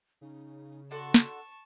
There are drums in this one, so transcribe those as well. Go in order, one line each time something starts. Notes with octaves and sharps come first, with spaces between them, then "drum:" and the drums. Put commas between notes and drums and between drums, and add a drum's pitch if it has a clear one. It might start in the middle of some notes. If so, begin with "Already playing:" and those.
C#3 D#4
D4 F#4 A4 A5 C6 C#6
drum: snare